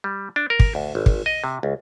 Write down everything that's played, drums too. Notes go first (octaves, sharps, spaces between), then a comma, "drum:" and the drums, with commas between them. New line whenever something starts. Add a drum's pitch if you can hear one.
G3
D4
A#4
drum: kick
D2
G#1
drum: kick
D#5
C3
C#2